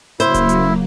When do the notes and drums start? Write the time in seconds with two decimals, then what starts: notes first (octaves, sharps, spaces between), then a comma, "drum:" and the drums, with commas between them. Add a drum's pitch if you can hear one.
0.20 C#3 F#3 A#3 E4 C5, drum: hi-hat
0.34 drum: kick D1, hi-hat
0.49 drum: hi-hat